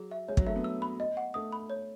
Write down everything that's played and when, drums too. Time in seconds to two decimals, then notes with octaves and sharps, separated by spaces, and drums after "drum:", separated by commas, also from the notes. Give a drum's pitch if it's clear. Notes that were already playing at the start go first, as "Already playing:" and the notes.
Already playing: F#3 G#4
0.11 E5
0.28 G#3 C#5
0.37 F#3, drum: kick
0.46 A3 E5
0.56 B3
0.64 E6
0.82 B5
1.00 D#5
1.17 F#5
1.34 A3 D#6
1.52 B5
1.70 C#5